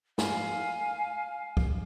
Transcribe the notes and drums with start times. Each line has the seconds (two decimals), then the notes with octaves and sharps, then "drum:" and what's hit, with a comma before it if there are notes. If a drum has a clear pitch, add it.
0.18 F5 G#5, drum: snare
1.57 drum: kick